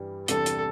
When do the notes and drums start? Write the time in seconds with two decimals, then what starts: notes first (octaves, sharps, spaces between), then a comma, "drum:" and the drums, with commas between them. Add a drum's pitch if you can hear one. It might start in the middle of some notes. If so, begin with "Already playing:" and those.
Already playing: G2 E3 G3
0.28 E2 C3 G3 D4 A4, drum: hi-hat
0.46 drum: hi-hat